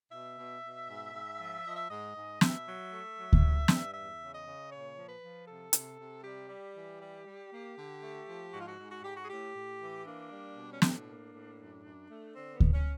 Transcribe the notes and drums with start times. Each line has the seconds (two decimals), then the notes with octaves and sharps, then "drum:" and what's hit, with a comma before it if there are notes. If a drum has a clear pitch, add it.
0.12 B2 E5
0.37 B2
0.62 B2
0.88 G#2
1.14 G#2
1.38 F3
1.64 F3 D#5
1.77 E5
1.89 G#2 D#5
2.15 G#2
2.41 B2 E5, drum: snare
2.67 F#3
2.91 A3
3.17 F#3
3.33 drum: kick D2
3.43 G2
3.68 G2, drum: snare
3.94 E2 E5
4.19 C#3
4.33 D#5
4.45 C#3
4.71 A#2 C#5
4.95 F3
5.08 B4
5.21 F3
5.46 C3 A4
5.73 C3, drum: hi-hat
5.98 C3
6.23 G3 G4
6.48 G3
6.74 E3
7.00 G3
7.25 G3
7.51 A#3
7.76 D3
8.02 A3
8.27 F3
8.52 G#2 F#4
8.60 F4
8.67 F#4
8.79 G#2
8.90 F#4
9.03 G#2 G4
9.16 F#4
9.24 G#4
9.29 A2 G4
9.55 A2
9.80 E3
10.06 A#3 D4
10.30 G3
10.56 B2
10.73 C#4
10.82 A2 D4, drum: snare
11.08 A#3
11.32 A2
11.58 F#2
11.84 F#2
12.10 A3
12.35 D3 C4
12.54 B3
12.60 G2, drum: kick D2
12.73 C#4